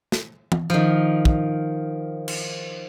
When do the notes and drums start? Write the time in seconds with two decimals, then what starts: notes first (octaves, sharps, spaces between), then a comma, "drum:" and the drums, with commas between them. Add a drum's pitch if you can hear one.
0.12 drum: snare
0.52 drum: tom
0.70 D#3 F3
1.25 drum: kick
2.28 drum: cymbal